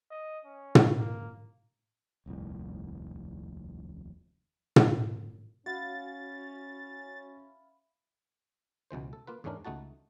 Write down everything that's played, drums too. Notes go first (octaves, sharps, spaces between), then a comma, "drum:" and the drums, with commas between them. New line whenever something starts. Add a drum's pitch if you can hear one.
D#5
C#4
drum: tom
A#3
D#1 C2 F2 A2
drum: tom
C#4 E4 F#4 F5 C#6 A6
C#2 B2 E3 C5
A4
A#3 F4 B4
E2 G#2 A3 C#4 D4 A#4
C#2 A3 D#4 F#4 A5